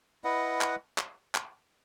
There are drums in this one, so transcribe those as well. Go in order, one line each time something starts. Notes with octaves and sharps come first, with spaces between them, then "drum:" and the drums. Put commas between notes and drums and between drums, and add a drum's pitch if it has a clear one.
E4 B4 D#5 F#5
drum: clap
drum: clap
drum: clap